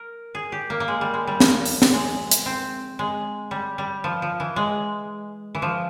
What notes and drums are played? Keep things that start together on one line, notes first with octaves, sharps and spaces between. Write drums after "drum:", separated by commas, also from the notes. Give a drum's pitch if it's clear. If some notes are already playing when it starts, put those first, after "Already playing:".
Already playing: A#4
G#4
G4
A#3
A#3
G#3
G3
G#3
G3
F3, drum: snare
drum: open hi-hat
drum: snare
G#3
drum: hi-hat
C4
G#3
G3
G3
F3
F3
E3
G#3
E3
F3